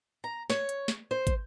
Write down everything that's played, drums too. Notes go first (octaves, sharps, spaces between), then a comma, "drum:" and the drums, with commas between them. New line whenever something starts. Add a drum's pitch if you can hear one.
A#5
C#5, drum: snare
drum: hi-hat
drum: snare
C5
drum: kick, hi-hat